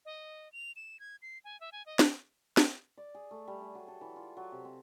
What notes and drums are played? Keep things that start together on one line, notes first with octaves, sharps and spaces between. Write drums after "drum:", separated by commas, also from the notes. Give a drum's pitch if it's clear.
D#5
F7
E7
G#6
C7
G#5
E5
G#5
D#5
drum: snare
drum: snare
D5
G#4
A3
G3
G#4
F#3
A4
E3
F4
F#3
C3
C4